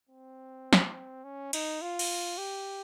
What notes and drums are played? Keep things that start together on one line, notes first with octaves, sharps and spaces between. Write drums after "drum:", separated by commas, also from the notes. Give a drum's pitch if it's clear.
C4
drum: snare
C#4
D#4, drum: cymbal
F4
drum: cymbal
G4